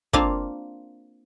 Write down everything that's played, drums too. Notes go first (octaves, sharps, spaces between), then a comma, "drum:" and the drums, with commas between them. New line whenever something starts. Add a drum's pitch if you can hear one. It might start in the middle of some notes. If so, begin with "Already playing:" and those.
A#3 C4 D4 F4 F5, drum: kick